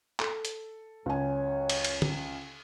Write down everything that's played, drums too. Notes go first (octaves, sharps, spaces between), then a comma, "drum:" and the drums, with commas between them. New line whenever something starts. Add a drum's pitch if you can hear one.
A4, drum: clap
drum: hi-hat
C#2 F#2 C#5 G#5
drum: cymbal
drum: cymbal
drum: tom